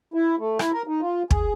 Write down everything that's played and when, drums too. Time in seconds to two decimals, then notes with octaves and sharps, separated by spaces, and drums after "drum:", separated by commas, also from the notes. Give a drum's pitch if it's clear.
0.14 E4
0.39 A3
0.59 E4, drum: rim click
0.72 A#4
0.87 D#4
1.01 F4
1.31 G#4, drum: kick